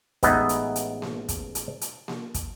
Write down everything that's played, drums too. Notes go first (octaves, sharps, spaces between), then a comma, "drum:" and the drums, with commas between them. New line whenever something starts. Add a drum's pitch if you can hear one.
A1 G#3 B3 D#4 D#5 E5, drum: kick, hi-hat
drum: hi-hat
drum: hi-hat
drum: snare A#3
drum: kick, hi-hat
drum: hi-hat
drum: hi-hat
drum: snare A#3
drum: kick, hi-hat